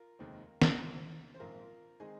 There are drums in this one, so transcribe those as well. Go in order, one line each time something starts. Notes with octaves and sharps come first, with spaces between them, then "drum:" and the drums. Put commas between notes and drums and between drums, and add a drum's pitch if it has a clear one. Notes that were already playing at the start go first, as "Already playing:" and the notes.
Already playing: F4 A#4
F1 D#2 D#3 G#3 C4
drum: snare
A#1 G#2 F3 C4
C5
A#1 G#2 F3 C4 F4 A#4
D#3 G#3 C4 D#4 G#4